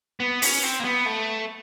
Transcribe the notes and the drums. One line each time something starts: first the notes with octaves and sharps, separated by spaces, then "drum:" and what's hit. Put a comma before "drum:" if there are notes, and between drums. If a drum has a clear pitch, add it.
B3
C#4, drum: open hi-hat
C4
A#3
B3
A3